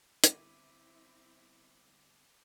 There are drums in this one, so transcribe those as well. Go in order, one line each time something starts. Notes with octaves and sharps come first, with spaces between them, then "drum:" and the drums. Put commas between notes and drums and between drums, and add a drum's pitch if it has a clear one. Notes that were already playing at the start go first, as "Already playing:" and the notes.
D3 G3 B3 C4 E4 D6 D#7, drum: hi-hat